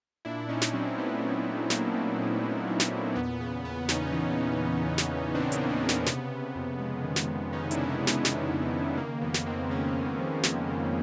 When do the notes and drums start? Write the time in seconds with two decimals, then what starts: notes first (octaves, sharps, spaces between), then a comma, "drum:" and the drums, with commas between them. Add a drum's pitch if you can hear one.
0.25 A#2 D4 E4
0.49 A#2 C#4 D#4
0.62 drum: snare
0.73 F#3 C4 D4
0.97 A3 B3 C#4
1.22 A3
1.47 A3
1.70 A#2 A#3 C4, drum: snare
1.95 A3
2.18 A#2
2.44 A#2
2.67 F#3
2.80 drum: snare
2.92 A#2
3.16 E2 B3
3.40 C#3 B3
3.65 E2 B3
3.89 E2 C#4 D#4, drum: snare
4.12 E3
4.38 C#3
4.61 C#3
4.86 E2
4.98 drum: snare
5.10 E2
5.34 E3 C4 D4
5.52 A#3 C4, drum: hi-hat
5.59 C#3
5.70 B3
5.83 C#3
5.89 A#3, drum: snare
6.06 C3 B3, drum: snare
6.32 C3
6.56 F2
6.80 G#3
7.04 D#3
7.16 drum: snare
7.28 D#3
7.52 D#3 C#4 D#4
7.71 D4 E4, drum: hi-hat
7.77 C3
7.88 B3 C#4
8.01 G#3
8.07 B3 C#4, drum: snare
8.25 C3 B3, drum: snare
8.49 F2
8.73 D#3
8.97 C#3 A#3
9.21 F2 B3
9.34 drum: snare
9.46 G#3 A#3 C4
9.70 C#3 B3 C#4
9.95 F2
10.19 F3
10.43 F3, drum: snare
10.67 C#3